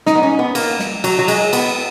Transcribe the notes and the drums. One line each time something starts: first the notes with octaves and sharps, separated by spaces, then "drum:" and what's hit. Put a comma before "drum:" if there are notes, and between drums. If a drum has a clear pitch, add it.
D#4, drum: snare
B3
C#4
B3
A#3, drum: cymbal
drum: snare
F#3, drum: cymbal
F#3
G#3, drum: cymbal
B3, drum: cymbal